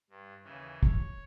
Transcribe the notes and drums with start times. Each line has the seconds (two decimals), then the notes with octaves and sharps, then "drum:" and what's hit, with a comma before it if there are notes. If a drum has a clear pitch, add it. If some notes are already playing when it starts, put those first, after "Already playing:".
0.10 G2
0.44 D#2 C#3 E3
0.83 C#5, drum: kick